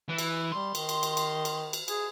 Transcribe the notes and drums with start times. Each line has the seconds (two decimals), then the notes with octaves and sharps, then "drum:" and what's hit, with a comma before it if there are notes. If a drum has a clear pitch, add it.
0.08 E3
0.18 drum: cymbal
0.52 G3 C6
0.75 D#3, drum: cymbal
0.89 drum: cymbal
1.03 drum: cymbal
1.17 drum: cymbal
1.45 drum: cymbal
1.73 drum: cymbal
1.88 G#4, drum: cymbal